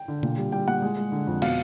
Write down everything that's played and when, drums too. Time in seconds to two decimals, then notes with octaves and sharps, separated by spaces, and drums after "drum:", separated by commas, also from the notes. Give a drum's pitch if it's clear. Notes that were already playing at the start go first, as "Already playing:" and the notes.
Already playing: G5
0.08 D3
0.23 A#2, drum: tom B2
0.38 G3
0.52 G3 G5
0.67 A#2 F#5
0.82 G#3
0.97 G#3
1.12 D3
1.27 F2
1.42 B2 F5, drum: cymbal